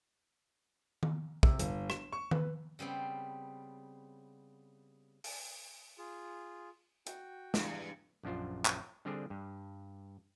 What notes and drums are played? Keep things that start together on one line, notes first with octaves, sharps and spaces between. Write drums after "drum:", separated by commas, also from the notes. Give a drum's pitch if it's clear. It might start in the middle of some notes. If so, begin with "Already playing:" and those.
drum: tom D#3
C3, drum: kick
G1, drum: hi-hat
E7, drum: rim click
C#6
B4, drum: tom D#3
C#3 G3 B3 C4
drum: open hi-hat
F4 G#4
F#4 G5, drum: hi-hat
E2 G2, drum: snare
A#1 F#2 D4 F4 C5
drum: clap
D3 G3 C4 D4 G4 G#4
G2